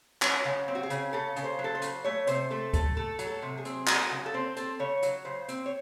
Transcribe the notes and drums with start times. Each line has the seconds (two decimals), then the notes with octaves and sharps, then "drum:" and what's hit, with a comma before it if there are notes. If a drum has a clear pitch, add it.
0.22 F#3 C#4, drum: clap
0.45 C#3
0.68 C4
0.75 F#4
0.83 G#4
0.90 C#3, drum: hi-hat
1.13 C#3 A4
1.36 C#3, drum: hi-hat
1.44 C5
1.59 F#3
1.64 A4
1.75 C5
1.82 C#3, drum: hi-hat
2.04 A3 C#5
2.27 C3 C5, drum: hi-hat
2.51 A3 A4
2.73 A3 A4, drum: kick D2, hi-hat
2.97 A3 A4
3.19 F#3, drum: hi-hat
3.27 A4
3.42 C3
3.58 G#4
3.65 C4, drum: hi-hat
3.87 F#3 F#4, drum: clap
4.11 C#3
4.26 A4
4.34 C4 C5
4.56 C4 A4, drum: hi-hat
4.79 C#3 C#5
5.03 F#3, drum: hi-hat
5.25 C#3 C5
5.48 C4, drum: hi-hat
5.66 C#5